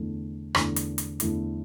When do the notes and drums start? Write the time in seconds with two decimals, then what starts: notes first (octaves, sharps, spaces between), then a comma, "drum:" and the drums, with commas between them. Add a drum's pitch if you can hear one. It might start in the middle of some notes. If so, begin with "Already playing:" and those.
Already playing: E2 D3 A3
0.55 E2 D3 A3, drum: rim click
0.76 drum: hi-hat
0.98 drum: hi-hat
1.20 E2 D3 A3 E4, drum: hi-hat